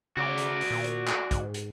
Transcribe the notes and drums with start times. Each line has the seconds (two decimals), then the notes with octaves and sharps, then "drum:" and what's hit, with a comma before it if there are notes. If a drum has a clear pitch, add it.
0.17 C#3 F#4 D5
0.38 drum: hi-hat
0.61 drum: open hi-hat
0.71 A#2
0.84 drum: hi-hat
1.08 drum: clap
1.31 G#2, drum: kick, hi-hat
1.54 drum: hi-hat